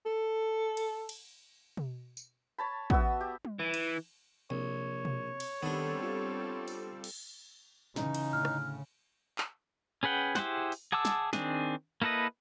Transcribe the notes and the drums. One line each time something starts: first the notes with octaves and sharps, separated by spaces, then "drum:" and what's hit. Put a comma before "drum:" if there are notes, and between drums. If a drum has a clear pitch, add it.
A4
drum: cymbal
drum: cymbal
drum: tom B2
drum: tambourine
C#5 A5 B5
B3 F#4 E5 E6, drum: kick
G4
drum: tom G3
E3
drum: cymbal
A#1 C3 C#5
drum: tom B2
drum: cymbal
D#3 G3 B3 C4 D4 A4
F4
drum: open hi-hat
drum: cymbal
C#3 E3 C#4 D#4, drum: snare
drum: cymbal
A2 D3 F6
drum: rim click
drum: clap
C#4 G#4 B4 F#5 G5
E4 G4 G#4 C5 F#5, drum: snare
drum: open hi-hat
G#4 F#5 A5 D6 E6
drum: snare
D#3 C4 D4 G#4, drum: snare
A#3 E4 A4 B4 D#5